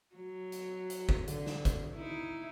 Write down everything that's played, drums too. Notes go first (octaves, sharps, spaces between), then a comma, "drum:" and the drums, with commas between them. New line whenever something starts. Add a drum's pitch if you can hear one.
F#3
drum: hi-hat
drum: hi-hat
drum: kick
D3, drum: hi-hat
drum: snare
drum: kick, hi-hat
D#4 E4